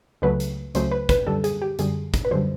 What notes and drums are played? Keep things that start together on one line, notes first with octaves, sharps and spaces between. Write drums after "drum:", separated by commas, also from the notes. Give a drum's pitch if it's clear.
C#2 C#3 F#3 A3 B4
drum: hi-hat
C#2 C#3 F#3 A3 C5, drum: hi-hat
B4
B4, drum: kick, hi-hat
F#2 D3 G3 A4
G#4, drum: hi-hat
G4
F#2 D3 G3 G#4, drum: hi-hat
drum: kick, hi-hat
B4
F#2 D3 G3 C5